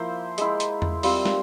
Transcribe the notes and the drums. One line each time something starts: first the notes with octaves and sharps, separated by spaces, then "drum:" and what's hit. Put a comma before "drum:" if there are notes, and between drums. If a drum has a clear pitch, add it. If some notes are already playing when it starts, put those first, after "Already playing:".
Already playing: F3 A#3 E4 C5 E5
G#3 E4, drum: hi-hat
drum: hi-hat
drum: tom E2
G3 C4 F4, drum: open hi-hat
drum: snare